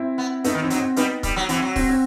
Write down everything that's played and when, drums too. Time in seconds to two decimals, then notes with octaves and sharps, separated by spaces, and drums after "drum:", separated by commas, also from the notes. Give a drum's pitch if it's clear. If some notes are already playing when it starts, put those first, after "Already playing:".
Already playing: C4 E4
0.18 B3
0.44 A3 B3 D#4, drum: hi-hat
0.55 D#3
0.62 E3 C4
0.70 F#3 D#4, drum: hi-hat
0.80 C4
0.96 G3 B3 D#4, drum: hi-hat
1.23 G3, drum: kick C#1, hi-hat
1.36 F#3
1.49 E3 C4, drum: hi-hat
1.62 F#3
1.76 C4, drum: kick C#1, open hi-hat
1.89 C4